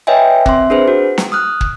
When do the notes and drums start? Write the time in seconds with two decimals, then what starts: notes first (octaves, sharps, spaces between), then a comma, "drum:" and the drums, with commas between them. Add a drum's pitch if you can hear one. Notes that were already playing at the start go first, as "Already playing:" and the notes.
0.07 B4 C#5 D#5 E5 G5 G#5
0.46 C4 E5 C6, drum: kick
0.70 D4 G#4 B4 C5
0.88 F#4
1.18 drum: snare
1.32 D#6 F6 F#6
1.61 drum: kick